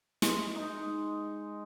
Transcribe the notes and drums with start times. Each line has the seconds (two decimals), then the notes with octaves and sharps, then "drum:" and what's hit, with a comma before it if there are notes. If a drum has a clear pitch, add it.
0.22 G#3, drum: snare
0.56 D#4